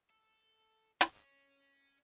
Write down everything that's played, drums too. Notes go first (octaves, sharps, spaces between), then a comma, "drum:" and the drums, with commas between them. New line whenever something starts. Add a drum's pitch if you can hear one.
A4
C#4 C#5, drum: hi-hat